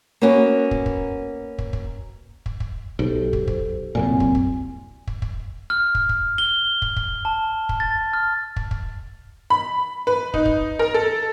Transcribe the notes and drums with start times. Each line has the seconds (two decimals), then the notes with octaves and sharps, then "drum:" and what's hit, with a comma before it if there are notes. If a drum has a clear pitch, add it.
0.22 A#3 B3 C#4 F#4
0.71 drum: kick
0.86 drum: kick
1.59 drum: kick
1.73 drum: kick
2.46 drum: kick
2.60 drum: kick
2.99 B1 G4 A4 C5
3.33 drum: kick
3.48 drum: kick
3.95 C2 F#2 A#2 C4 G#5
4.20 drum: kick
4.35 drum: kick
5.07 drum: kick
5.22 drum: kick
5.70 F6
5.95 drum: kick
6.09 drum: kick
6.38 G7
6.82 drum: kick
6.97 drum: kick
7.25 A5
7.69 drum: kick
7.80 A6
8.13 F6
8.56 drum: kick
8.71 drum: kick
9.50 B5
10.07 B4
10.34 D#4, drum: kick
10.45 drum: kick
10.79 A#4
10.94 A4